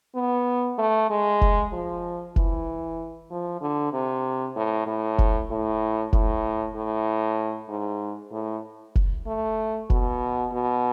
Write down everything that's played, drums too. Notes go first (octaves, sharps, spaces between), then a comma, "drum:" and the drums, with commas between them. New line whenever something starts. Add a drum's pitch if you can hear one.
B3
A3
G#3
drum: kick F1
F3
E3, drum: kick F1
F3
D3
C3
A2
A2
drum: kick F1
A2
A2, drum: kick F1
A2
G#2
A2
drum: kick F1
A3
B2, drum: kick F1
B2